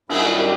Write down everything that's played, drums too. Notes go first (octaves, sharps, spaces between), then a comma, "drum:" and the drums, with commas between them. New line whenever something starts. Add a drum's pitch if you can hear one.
F#2 D#3 G3 E4, drum: cymbal
G4